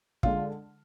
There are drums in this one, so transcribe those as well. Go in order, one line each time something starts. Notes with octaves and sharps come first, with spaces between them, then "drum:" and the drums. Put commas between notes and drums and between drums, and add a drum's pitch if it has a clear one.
D3 G#3 F4, drum: kick